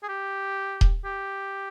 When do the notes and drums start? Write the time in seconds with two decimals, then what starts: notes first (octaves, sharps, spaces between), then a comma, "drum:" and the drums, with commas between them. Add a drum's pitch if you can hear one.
0.03 G#4
0.09 G4
0.81 drum: kick D#1
1.05 G4